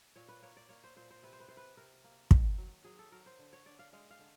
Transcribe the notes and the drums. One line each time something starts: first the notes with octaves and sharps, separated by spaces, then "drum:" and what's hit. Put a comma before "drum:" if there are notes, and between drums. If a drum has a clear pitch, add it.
A#2 C#5
B4
A#3 C#5
D5
A#3 C#5
C5
A#2 C5
C5
C3 B4
C5
B4
C3 C5
B4
C3 A#4
A#3
D#3, drum: kick
F#3
F#3 G#4
A4
F#3 A#4
C5
D3
C#5
D3 D5
F5
G#3 F5
F5
D3